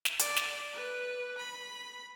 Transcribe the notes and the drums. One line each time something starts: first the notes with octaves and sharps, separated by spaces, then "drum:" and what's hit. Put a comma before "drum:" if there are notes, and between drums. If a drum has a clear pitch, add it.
drum: snare
D5, drum: hi-hat
drum: snare
B4
B5